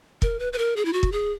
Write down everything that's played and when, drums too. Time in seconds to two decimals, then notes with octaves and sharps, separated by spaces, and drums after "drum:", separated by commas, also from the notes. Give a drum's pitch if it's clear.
0.22 A#4, drum: kick
0.39 B4
0.53 B4
0.58 A#4
0.76 G#4
0.85 E4
0.93 F#4
1.03 drum: kick
1.12 G#4